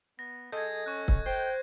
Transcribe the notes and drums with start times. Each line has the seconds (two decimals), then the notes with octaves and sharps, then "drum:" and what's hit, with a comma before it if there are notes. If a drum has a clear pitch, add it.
0.19 B3 A#6
0.52 G#4 A4 D#5 G6 G#6
0.86 C#4 C#6 F#6
1.08 drum: kick
1.26 C5 G5